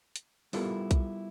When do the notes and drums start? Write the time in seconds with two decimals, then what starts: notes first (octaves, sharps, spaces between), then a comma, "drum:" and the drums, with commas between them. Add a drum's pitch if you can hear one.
0.16 drum: hi-hat
0.53 G3 B3 E4 F4 A4 A#4, drum: open hi-hat
0.91 drum: kick B1, hi-hat